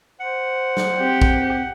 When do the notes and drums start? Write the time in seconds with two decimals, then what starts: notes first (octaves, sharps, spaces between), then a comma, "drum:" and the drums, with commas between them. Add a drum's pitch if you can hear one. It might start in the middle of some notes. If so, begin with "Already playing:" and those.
0.20 C5 F#5
0.77 drum: snare
0.99 C4 G4
1.22 drum: kick